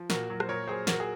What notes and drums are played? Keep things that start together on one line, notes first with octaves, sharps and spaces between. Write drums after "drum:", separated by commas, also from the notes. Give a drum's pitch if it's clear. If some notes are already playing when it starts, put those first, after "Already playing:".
Already playing: F3
A#2 F#4 A#4, drum: snare
F#3
C5, drum: rim click
A#2 A#4 C#5
F#3 G#4 C5
A#2 F#4 A#4, drum: snare
G#4